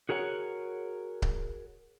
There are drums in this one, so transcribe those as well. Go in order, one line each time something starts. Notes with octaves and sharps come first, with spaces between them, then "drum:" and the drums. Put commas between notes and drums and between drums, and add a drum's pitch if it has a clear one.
F#4 G#4 A#4 C#5 F#5
drum: kick C#1